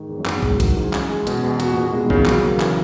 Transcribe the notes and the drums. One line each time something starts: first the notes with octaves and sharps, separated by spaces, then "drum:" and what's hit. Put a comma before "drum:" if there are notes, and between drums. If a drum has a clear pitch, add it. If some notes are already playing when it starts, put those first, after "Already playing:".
Already playing: G#2 D#3
E2
F#2
G#2 B3, drum: clap
C#3
G#3, drum: kick
F#3
D#3 E3, drum: kick, hi-hat
G#2
C#4, drum: clap
G#3
B2, drum: hi-hat
E2
F#4, drum: hi-hat
A#2 B3
B2
B2 G#3
D#3
C#3 E3, drum: kick
E3
C#3 F#3, drum: clap
A#3
E3, drum: clap